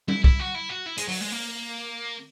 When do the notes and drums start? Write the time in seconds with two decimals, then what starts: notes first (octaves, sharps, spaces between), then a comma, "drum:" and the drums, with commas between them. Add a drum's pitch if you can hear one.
0.08 E4, drum: tom G3
0.24 E4, drum: kick
0.40 F#4
0.55 E4
0.70 F#4
0.86 E4
0.97 G#3, drum: hi-hat
1.08 F#3, drum: open hi-hat
1.21 G#3
1.32 A#3